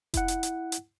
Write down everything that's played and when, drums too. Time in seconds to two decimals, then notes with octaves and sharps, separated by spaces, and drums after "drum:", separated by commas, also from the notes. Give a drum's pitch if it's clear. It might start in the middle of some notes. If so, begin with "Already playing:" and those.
0.14 E4 F#5, drum: kick F1, hi-hat
0.28 drum: hi-hat
0.43 drum: hi-hat
0.72 drum: hi-hat